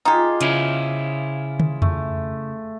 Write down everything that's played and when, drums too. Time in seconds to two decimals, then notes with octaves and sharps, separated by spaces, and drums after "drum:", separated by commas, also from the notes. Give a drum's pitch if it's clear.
0.05 D#4 F4 G4 G#4
0.41 C#3 C#4 E4, drum: hi-hat
1.60 drum: tom
1.82 A3, drum: tom E2